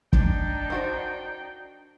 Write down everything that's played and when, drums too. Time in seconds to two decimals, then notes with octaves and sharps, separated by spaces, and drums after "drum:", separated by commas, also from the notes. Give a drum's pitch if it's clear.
0.13 D4 D#4 G5, drum: kick
0.70 D#3 F#4 C5